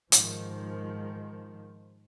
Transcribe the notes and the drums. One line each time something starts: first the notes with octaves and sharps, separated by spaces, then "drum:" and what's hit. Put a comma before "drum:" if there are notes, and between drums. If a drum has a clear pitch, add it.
G#2 D#3 F3, drum: hi-hat